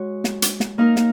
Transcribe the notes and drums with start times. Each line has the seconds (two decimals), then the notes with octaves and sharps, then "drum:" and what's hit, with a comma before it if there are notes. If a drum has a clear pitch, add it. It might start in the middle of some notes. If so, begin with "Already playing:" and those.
Already playing: G#3 F#4 C#5
0.24 drum: snare
0.42 drum: hi-hat
0.60 drum: snare
0.78 A#3 D#4 A#4
0.96 drum: snare